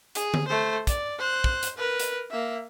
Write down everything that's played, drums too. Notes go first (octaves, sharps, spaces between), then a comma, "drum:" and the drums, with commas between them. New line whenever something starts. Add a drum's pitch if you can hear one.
G#4, drum: hi-hat
drum: tom D3
A3 C5
D5, drum: kick, hi-hat
C5 F#6
drum: kick
drum: hi-hat
A#4 B4
drum: hi-hat
A#3 E5